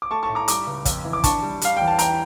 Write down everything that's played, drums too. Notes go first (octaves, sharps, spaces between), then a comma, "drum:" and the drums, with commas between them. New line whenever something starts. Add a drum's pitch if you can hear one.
D6
A3 A5 C#6
A5 C#6
A2
A#5 D6
G3 A#5 D6, drum: hi-hat
C#2
F2, drum: kick, hi-hat
E3
D6
D4 A5 C#6, drum: kick, hi-hat
G3
G3 F5, drum: hi-hat
E2 G5
A5
E3 G5 A#5, drum: hi-hat